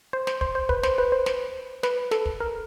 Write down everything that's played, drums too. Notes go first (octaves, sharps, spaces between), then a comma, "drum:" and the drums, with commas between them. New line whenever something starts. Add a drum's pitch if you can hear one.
C5
C5, drum: snare
C5, drum: kick
C5
B4, drum: kick
C5, drum: snare
B4
C5
drum: snare
B4, drum: snare
A4, drum: snare
drum: kick
A#4